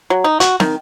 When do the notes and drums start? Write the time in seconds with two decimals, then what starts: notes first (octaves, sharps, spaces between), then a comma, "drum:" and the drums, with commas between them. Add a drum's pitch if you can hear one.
0.10 F#3
0.24 D#4
0.40 F#4, drum: hi-hat
0.60 D#3, drum: snare